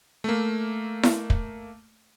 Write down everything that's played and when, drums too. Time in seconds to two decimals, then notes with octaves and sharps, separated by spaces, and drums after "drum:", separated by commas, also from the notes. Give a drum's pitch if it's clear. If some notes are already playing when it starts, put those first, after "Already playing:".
0.24 A3 A#3
1.03 drum: snare E4
1.30 drum: kick